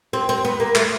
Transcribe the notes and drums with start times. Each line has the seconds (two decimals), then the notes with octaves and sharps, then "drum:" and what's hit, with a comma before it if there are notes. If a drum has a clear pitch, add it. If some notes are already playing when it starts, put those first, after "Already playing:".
0.13 C4
0.29 C4
0.45 B3
0.60 A#3
0.75 A3, drum: clap